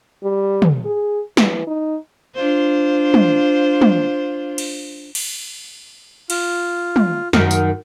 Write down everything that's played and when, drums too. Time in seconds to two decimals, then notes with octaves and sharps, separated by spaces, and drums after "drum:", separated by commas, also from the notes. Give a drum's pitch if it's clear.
0.23 G3
0.62 drum: tom
0.85 G#4
1.37 E3, drum: snare
1.67 D#4
2.35 D4 F4 C5
3.14 drum: tom
3.81 drum: tom
4.58 drum: cymbal
5.15 drum: cymbal
6.30 F4, drum: cymbal
6.96 drum: tom
7.33 F#2 D#3, drum: snare
7.51 drum: tambourine